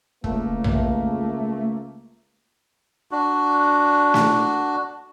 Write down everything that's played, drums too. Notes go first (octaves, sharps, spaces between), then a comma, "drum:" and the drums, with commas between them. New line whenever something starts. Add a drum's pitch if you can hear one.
C#2 A3 A#3, drum: kick E1
drum: tom A#1
D4 F#4
drum: snare